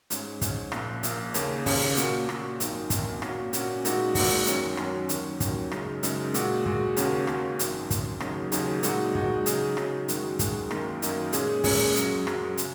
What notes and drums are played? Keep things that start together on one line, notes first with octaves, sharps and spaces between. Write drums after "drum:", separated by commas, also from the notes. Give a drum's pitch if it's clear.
G#2 G#3 C#4, drum: hi-hat
G#2 G#3 C#4, drum: kick, hi-hat
A#1 A#2 A#3, drum: rim click
A#1 A#2 A#3, drum: hi-hat
D#2 C#3 A#3 C#4, drum: hi-hat
D#2 C#3 A#3 C#4, drum: kick, open hi-hat
A#2 A#3 F#4, drum: hi-hat
A#2 A#3 F#4, drum: rim click
G#1 F#2 D#3 A#3 D#4, drum: hi-hat
G#1 F#2 D#3 A#3 D#4, drum: kick, hi-hat
A#2 A#3 C#4 F#4, drum: rim click
A#2 A#3 C#4 F#4, drum: hi-hat
A#2 G#3 D#4 F#4, drum: hi-hat
A#2 G#3 D#4 F#4, drum: kick, open hi-hat
F#2 D#3 F#3 C#4, drum: hi-hat
F#2 D#3 F#3 C#4, drum: rim click
D#2 D#3 F#3 C#4, drum: hi-hat
D#2 D#3 F#3 C#4, drum: kick, hi-hat
F#2 C#3 G#3 D#4, drum: rim click
F#2 C#3 G#3 D#4, drum: hi-hat
A#2 G#3 F#4, drum: hi-hat
A#2 G#3 F#4, drum: kick
D#2 C#3 A#3 C#4 F#4, drum: hi-hat
D#2 C#3 A#3 C#4 F#4, drum: rim click
G#1 F#2 D#3, drum: hi-hat
G#1 F#2 D#3, drum: kick, hi-hat
D#2 C#3 F#3 D#4 G#4, drum: rim click
D#2 C#3 F#3 D#4 G#4, drum: hi-hat
A#2 G#3 D#4 F#4, drum: hi-hat
A#2 G#3 D#4 F#4, drum: kick
C#3 F#3 D#4 G#4, drum: hi-hat
C#3 F#3 D#4 G#4, drum: rim click
F#2 D#3 G#3 F#4, drum: hi-hat
F#2 D#3 G#3 F#4, drum: kick, hi-hat
F#2 D#3 A#3 D#4, drum: rim click
F#2 D#3 A#3 D#4, drum: hi-hat
A#2 G#3 C#4 G#4, drum: hi-hat
A#2 G#3 C#4 G#4, drum: kick, open hi-hat
F#2 F#3 C#4 G#4, drum: hi-hat
F#2 F#3 C#4 G#4, drum: rim click
C#3, drum: hi-hat